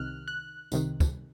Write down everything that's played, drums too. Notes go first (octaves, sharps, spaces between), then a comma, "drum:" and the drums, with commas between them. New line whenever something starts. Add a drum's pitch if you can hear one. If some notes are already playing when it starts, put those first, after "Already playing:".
Already playing: C2 C3 D#3 F6 F#6
F#6
C2 C3 D#3, drum: tambourine
drum: kick, tambourine